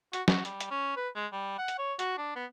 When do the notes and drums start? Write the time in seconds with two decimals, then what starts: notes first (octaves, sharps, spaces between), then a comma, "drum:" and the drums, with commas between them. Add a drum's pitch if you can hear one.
0.13 F#4, drum: hi-hat
0.28 F#4, drum: snare
0.45 G3, drum: hi-hat
0.60 drum: hi-hat
0.71 C#4
0.96 B4
1.15 G#3
1.32 G3
1.58 F#5
1.68 drum: hi-hat
1.78 C#5
1.99 F#4, drum: hi-hat
2.18 D4
2.36 B3